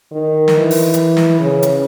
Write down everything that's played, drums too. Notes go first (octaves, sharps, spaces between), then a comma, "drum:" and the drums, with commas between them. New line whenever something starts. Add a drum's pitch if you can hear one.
D#3
drum: snare
E3
drum: open hi-hat
drum: hi-hat
drum: snare
C#3
drum: hi-hat